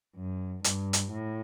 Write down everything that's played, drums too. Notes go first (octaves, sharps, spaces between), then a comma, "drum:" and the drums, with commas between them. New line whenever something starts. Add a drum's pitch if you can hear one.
F#2
G2, drum: hi-hat
drum: hi-hat
A2